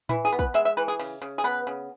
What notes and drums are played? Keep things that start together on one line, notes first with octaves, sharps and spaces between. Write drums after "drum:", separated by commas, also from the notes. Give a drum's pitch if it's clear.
E3 E4, drum: tom A2
G#4
B3
B4, drum: kick
G#3 E5
E5
E3 B4
G#4
C#3, drum: open hi-hat
C#3
G#4
B3 B4
C#3